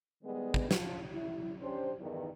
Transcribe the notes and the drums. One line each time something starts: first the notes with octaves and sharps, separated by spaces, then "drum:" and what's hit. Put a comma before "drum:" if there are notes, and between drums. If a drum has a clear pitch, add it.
D#3 G3 G#3 B3
drum: kick
F3, drum: snare
E4
C#4 D4 G4 C5
E2 G2 D#3